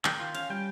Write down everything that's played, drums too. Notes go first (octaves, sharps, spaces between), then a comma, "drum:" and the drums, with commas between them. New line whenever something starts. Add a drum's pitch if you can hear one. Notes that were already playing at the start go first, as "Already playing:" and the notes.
D#3 G5, drum: clap
F4
C#4 F5, drum: cymbal
G3 G5